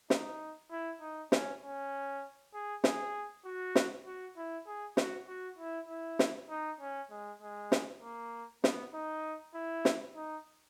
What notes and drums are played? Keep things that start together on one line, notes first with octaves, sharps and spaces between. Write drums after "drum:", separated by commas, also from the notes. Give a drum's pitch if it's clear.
D#4, drum: snare
E4
D#4
C#4, drum: snare
C#4
G#4
G#4, drum: snare
F#4
drum: snare
F#4
E4
G#4
F#4, drum: snare
F#4
E4
E4
drum: snare
D#4
C#4
G#3
G#3
drum: snare
A#3
B3, drum: snare
D#4
E4
drum: snare
D#4